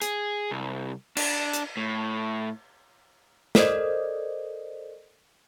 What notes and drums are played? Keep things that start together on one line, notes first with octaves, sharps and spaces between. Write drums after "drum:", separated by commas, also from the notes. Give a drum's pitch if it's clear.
G#4, drum: hi-hat
C2
D4, drum: cymbal
drum: hi-hat
A2
A4 A#4 C5 D5 D#5, drum: snare